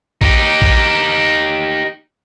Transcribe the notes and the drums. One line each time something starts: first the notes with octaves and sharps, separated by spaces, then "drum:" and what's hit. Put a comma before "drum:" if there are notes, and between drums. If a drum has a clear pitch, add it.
D#4 G4, drum: kick A#1
drum: kick A#1